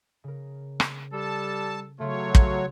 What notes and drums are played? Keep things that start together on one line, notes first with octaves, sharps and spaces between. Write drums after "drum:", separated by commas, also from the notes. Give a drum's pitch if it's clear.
C#3 A#4
drum: rim click
G3 A4 A5
C#3 F#3 A3 F4 C#5
drum: kick